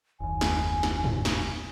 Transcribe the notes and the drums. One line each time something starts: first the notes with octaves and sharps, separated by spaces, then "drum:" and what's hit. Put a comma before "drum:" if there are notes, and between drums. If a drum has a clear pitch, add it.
F#1 D#2 G#5
drum: snare
drum: snare
drum: tom
drum: snare